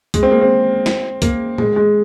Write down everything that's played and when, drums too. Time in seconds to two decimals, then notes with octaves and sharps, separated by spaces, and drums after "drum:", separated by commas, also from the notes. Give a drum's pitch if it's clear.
0.14 G#3, drum: kick, hi-hat
0.23 C4
0.32 A#3
0.41 C4
0.86 drum: snare
1.22 A#3, drum: kick, hi-hat
1.58 G#3, drum: tom
1.76 G#3